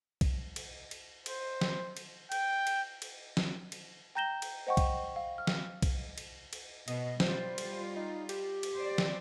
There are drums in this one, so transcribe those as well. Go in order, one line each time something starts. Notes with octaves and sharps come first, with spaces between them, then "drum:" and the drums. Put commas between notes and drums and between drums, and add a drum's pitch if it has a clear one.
drum: kick, cymbal
drum: cymbal
drum: cymbal
C5, drum: cymbal
drum: snare
drum: cymbal
G5, drum: cymbal
drum: cymbal
drum: cymbal
drum: snare
drum: cymbal
G5 A#5 G6 A#6 E7 G7
drum: cymbal
C5 D#5 F#5 G5 C#6
drum: kick, cymbal
F5
F6
drum: snare
drum: kick, cymbal
drum: cymbal
drum: cymbal
B2 D#5, drum: cymbal
G3 F4 C5, drum: snare
drum: cymbal
D#4
G4, drum: cymbal
drum: cymbal
C5 D5
drum: snare